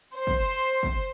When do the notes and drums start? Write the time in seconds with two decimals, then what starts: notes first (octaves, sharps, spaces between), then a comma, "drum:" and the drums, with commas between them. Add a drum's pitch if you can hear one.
0.13 C5
0.27 drum: kick
0.83 drum: kick